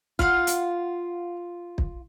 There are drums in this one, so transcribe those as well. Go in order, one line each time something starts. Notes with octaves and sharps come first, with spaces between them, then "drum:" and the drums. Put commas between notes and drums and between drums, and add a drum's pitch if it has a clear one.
F4 F5 F#5 F6, drum: kick
drum: hi-hat
drum: kick